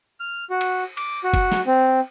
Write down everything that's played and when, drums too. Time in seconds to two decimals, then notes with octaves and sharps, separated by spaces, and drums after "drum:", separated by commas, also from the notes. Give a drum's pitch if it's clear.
0.20 F6
0.50 F#4
0.61 drum: cymbal
0.97 D6, drum: cymbal
1.24 F#4
1.33 drum: kick F#1, cymbal
1.52 drum: snare
1.66 C4